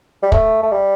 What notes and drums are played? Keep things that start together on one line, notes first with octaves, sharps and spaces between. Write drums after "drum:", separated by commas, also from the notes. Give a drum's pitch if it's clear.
G3
A3, drum: kick
A3
G3